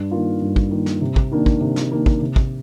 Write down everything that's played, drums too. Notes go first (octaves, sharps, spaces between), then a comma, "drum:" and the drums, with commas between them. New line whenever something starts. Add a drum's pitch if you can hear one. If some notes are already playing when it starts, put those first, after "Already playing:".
Already playing: G2
D#3 A#3 F4
G2
drum: kick
D#3 A#3 F4
drum: snare
C3
drum: kick
D#3 A#3 D4
drum: kick
C3
drum: snare
D#3 A#3 D4
drum: kick
C3
drum: kick